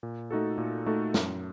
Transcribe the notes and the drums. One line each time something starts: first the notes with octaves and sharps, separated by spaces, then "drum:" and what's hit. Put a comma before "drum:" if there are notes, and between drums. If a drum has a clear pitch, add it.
A#2
A3 D#4 F#4 A4
A#2
A3 D#4 F#4 A4
F#2, drum: snare